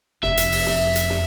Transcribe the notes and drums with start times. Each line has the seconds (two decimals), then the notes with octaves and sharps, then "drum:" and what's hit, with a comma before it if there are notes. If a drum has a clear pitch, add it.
0.23 F1 F2 E5, drum: snare
0.37 drum: hi-hat
0.52 drum: open hi-hat
0.66 drum: snare
0.96 drum: hi-hat
1.10 drum: snare